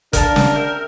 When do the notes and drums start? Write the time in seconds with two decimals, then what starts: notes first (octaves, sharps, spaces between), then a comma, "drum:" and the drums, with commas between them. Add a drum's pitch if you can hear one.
0.13 D4 A#4 F5 A5, drum: kick F#1, hi-hat
0.36 drum: snare
0.55 E5 G5